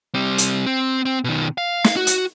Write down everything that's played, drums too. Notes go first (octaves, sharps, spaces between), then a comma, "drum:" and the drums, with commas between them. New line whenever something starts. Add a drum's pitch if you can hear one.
G3 C4
drum: hi-hat
C4
C4
B2 D#3
F5
drum: snare
F#4
drum: hi-hat